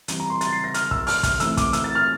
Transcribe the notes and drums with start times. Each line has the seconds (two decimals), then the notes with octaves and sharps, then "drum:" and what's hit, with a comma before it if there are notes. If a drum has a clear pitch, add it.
0.08 E3 G3 C4, drum: hi-hat
0.20 A#5
0.30 C6
0.41 A6, drum: hi-hat
0.53 C7
0.64 A#6
0.74 F6, drum: hi-hat
0.91 E6, drum: kick
1.07 F6, drum: open hi-hat
1.23 F6, drum: kick, hi-hat
1.40 E3 A3 C4 E6, drum: hi-hat
1.57 D6, drum: kick, hi-hat
1.73 E6, drum: hi-hat
1.84 A6
1.95 F6